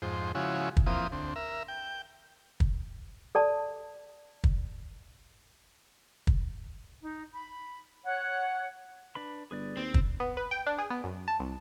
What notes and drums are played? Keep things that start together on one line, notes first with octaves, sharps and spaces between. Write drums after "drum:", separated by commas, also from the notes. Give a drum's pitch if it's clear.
F2 G#2 C5
C#3 F3 G#3 E4 F#4
drum: kick
E3 F3 A#3 C4 D#6
D2 C4
A#4 E5
G5
drum: kick
A4 D5 A5
drum: kick
drum: kick
D#4
B5
C#5 F#5
D4 B4 B5
G1 G#4 B4 D5
D#2 C4
drum: kick
B3
B4
G5
D4
G#4
B3
F#2
A5
C2